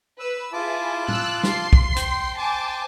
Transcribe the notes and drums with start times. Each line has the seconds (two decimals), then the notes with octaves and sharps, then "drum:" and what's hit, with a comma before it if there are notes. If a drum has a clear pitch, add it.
0.20 B4 E6
0.53 E4 F4 G#4 A5 D6
1.08 E6 F#6, drum: tom A2
1.43 C6 C7, drum: snare
1.73 drum: kick B1
1.96 C5 G5, drum: hi-hat
2.37 G#5 A5 D6